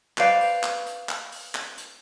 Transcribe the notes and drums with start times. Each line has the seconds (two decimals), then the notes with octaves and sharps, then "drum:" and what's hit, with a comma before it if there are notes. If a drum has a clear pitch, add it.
0.18 B4 C5 D5 F5, drum: clap
0.41 drum: open hi-hat
0.63 drum: clap
0.86 drum: hi-hat
1.09 drum: clap
1.32 drum: open hi-hat
1.55 drum: clap
1.77 drum: hi-hat